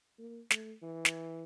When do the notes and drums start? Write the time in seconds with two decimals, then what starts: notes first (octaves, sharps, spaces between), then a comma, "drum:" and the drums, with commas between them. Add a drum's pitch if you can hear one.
0.18 A#3
0.50 A3, drum: snare
0.82 E3
1.05 drum: snare